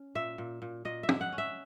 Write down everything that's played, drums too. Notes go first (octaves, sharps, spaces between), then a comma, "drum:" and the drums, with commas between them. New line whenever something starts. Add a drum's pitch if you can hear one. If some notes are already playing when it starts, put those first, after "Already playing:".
Already playing: C#4
A#2 E5
A#2
A#2
A#2 D#5
E5
G#3, drum: tom
F#5
C#4
E5